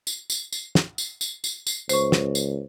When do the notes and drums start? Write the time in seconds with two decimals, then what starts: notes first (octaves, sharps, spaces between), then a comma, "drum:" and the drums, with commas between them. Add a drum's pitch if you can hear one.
0.07 drum: tambourine
0.30 drum: tambourine
0.52 drum: tambourine
0.75 drum: snare
0.98 drum: tambourine
1.21 drum: tambourine
1.44 drum: tambourine
1.67 drum: tambourine
1.89 C#2 C5 C#6, drum: tambourine
2.12 drum: snare
2.35 drum: tambourine